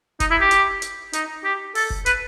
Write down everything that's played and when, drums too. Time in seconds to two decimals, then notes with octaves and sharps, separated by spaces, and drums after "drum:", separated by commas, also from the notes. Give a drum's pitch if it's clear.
0.20 D#4, drum: kick, hi-hat
0.31 E4
0.41 G4
0.51 drum: hi-hat
0.82 drum: hi-hat
1.13 D#4, drum: hi-hat
1.44 G4
1.75 A4, drum: open hi-hat
1.90 drum: kick
2.06 B4, drum: hi-hat